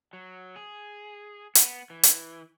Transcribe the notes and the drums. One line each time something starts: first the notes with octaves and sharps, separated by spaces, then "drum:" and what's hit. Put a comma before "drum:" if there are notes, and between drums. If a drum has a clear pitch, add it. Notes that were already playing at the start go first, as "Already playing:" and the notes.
F#3
G#4
B3, drum: hi-hat
E3
drum: hi-hat